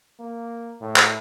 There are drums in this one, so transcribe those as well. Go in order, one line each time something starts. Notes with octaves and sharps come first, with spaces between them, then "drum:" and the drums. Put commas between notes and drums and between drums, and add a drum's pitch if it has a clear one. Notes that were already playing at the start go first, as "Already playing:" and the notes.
A#3
A2
drum: clap